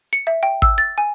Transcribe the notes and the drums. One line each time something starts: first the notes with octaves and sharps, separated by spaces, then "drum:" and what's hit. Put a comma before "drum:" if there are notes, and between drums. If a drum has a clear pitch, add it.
C#7
E5
G5
E6, drum: kick
A6
G#5